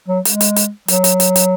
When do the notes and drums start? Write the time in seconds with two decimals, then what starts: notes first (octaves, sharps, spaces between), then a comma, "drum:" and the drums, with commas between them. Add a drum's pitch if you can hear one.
0.08 F#3
0.25 G#3, drum: hi-hat
0.41 drum: hi-hat
0.56 drum: hi-hat
0.88 F#3, drum: hi-hat
1.04 drum: hi-hat
1.20 drum: hi-hat
1.36 drum: hi-hat